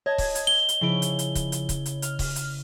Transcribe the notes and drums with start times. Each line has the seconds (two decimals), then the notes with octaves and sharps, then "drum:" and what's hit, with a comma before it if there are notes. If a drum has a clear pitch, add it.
0.06 C#5 D#5 A5 G#6
0.18 drum: kick C#1, open hi-hat
0.35 drum: hi-hat
0.47 G7
0.69 drum: hi-hat
0.81 C#3 F3 E4 D7
1.02 drum: hi-hat
1.19 drum: hi-hat
1.35 drum: kick C#1, hi-hat
1.52 drum: hi-hat
1.69 drum: kick C#1, hi-hat
1.86 drum: hi-hat
2.02 F6, drum: hi-hat
2.19 drum: kick C#1, open hi-hat
2.36 drum: hi-hat